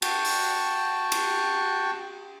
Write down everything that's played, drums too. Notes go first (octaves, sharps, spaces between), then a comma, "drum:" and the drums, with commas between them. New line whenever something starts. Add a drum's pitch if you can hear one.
F#4 G5 A5, drum: cymbal
drum: open hi-hat
drum: cymbal